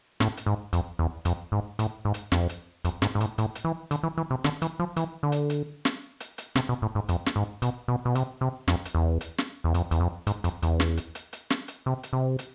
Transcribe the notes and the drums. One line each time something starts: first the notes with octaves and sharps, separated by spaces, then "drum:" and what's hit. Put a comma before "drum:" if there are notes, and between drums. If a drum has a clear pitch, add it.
A2, drum: snare
drum: hi-hat
G#2
F2, drum: hi-hat
E2
F2, drum: hi-hat
G#2
A2, drum: hi-hat
G#2
drum: hi-hat
F2, drum: snare
drum: hi-hat
F2, drum: hi-hat
G#2, drum: snare
G#2
A2, drum: hi-hat
A2, drum: hi-hat
drum: hi-hat
E3
D3, drum: hi-hat
E3
E3
C3
D3, drum: snare
E3, drum: hi-hat
F3
E3, drum: hi-hat
D3
drum: hi-hat
drum: hi-hat
drum: snare
drum: hi-hat
drum: hi-hat
C3, drum: snare
B2
A2
G#2
F2, drum: hi-hat
drum: snare
G#2
B2, drum: hi-hat
B2
B2
C3, drum: hi-hat
C3
F2, drum: snare
drum: hi-hat
E2
drum: hi-hat
drum: snare
E2
F2, drum: hi-hat
E2, drum: hi-hat
F2
G#2, drum: hi-hat
F2, drum: hi-hat
E2, drum: hi-hat
drum: snare
drum: hi-hat
drum: hi-hat
drum: hi-hat
drum: snare
drum: hi-hat
C3
drum: hi-hat
C3
drum: hi-hat